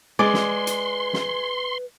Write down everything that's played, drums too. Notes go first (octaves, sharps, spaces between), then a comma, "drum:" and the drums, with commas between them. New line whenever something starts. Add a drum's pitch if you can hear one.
G#3 B4 D5 C6
drum: snare
drum: hi-hat
drum: snare